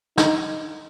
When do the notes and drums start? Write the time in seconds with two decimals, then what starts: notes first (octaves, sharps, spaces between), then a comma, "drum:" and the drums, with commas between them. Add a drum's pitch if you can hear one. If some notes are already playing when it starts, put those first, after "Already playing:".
0.18 D#4, drum: snare